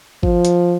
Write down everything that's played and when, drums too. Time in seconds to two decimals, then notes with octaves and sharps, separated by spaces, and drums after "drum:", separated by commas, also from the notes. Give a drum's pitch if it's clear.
0.23 F3, drum: kick
0.45 drum: hi-hat